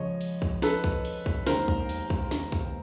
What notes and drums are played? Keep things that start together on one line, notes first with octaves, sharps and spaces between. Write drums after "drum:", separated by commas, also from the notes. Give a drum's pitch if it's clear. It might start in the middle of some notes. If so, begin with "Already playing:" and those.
Already playing: C#2 C#3 F3 C#5 D#5
drum: cymbal
drum: kick B1
A4 B4, drum: snare
drum: kick B1
drum: cymbal
drum: kick B1
E1 D#2 D#3 A#4 C5, drum: snare
drum: kick B1
drum: cymbal
drum: kick B1
drum: snare
drum: kick B1